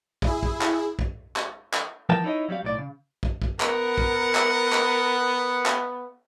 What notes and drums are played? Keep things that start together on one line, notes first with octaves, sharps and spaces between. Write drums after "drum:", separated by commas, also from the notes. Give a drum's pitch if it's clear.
E4 G#4, drum: kick
drum: kick
drum: clap
drum: kick
drum: clap
drum: clap
E3 F3 B3 A#4 G5 A5
D#4 E4 C#5 D#5
F#3 G3 C4 F5
B1 A2 D5
C#3
drum: kick
drum: kick
B3 A#4 F#5, drum: clap
drum: kick
drum: clap
drum: clap
drum: clap